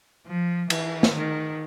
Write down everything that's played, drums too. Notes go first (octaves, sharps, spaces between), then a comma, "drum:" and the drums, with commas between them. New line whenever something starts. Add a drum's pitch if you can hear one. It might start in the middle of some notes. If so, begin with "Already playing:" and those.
F3
E3, drum: cymbal
drum: snare
D#3